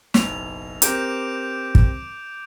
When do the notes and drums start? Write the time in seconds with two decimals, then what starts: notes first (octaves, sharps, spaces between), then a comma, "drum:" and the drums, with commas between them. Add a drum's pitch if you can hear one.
0.14 F#1 B1 F7, drum: snare
0.82 C4 G4 A#4 D6 G6 D7, drum: hi-hat
1.75 drum: kick